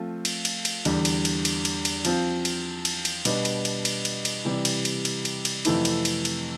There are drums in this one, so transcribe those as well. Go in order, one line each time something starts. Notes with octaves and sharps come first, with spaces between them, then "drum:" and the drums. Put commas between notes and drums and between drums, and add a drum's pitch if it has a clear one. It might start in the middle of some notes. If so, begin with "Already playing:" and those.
Already playing: F3 A3 C4 F4
drum: cymbal
drum: cymbal
drum: cymbal
E2 D3 G3, drum: cymbal
drum: cymbal
drum: cymbal
drum: cymbal
drum: cymbal
drum: cymbal
F3 C4 F4, drum: cymbal
drum: cymbal
drum: cymbal
drum: cymbal
B2 G3 B3 D4, drum: cymbal
drum: cymbal
drum: cymbal
drum: cymbal
drum: cymbal
drum: cymbal
C3 E3 G3
drum: cymbal
drum: cymbal
drum: cymbal
drum: cymbal
drum: cymbal
F2 C3 E3 A3 E4, drum: cymbal
drum: cymbal
drum: cymbal
drum: cymbal